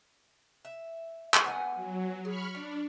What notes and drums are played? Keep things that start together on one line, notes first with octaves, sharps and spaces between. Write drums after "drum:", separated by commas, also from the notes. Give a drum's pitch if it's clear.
E5
drum: clap
B3 F#5 G#5
F#3
G#4 B5 C#6 F6
D4 D5